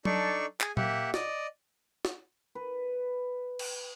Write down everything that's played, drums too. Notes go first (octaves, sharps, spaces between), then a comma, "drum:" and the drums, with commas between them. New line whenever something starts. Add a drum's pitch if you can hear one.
D4 D#4 A4 D5 C#6, drum: tom F#3
G#4 G#5, drum: clap
A#3 G4 E5 F#5, drum: tom A#2
D5 D#5, drum: snare
drum: snare
B4
drum: cymbal